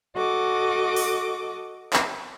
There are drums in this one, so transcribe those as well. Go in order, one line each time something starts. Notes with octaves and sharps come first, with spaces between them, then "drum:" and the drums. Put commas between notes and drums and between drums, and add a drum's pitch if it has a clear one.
F#4 A4 D#5 D6
drum: open hi-hat
drum: clap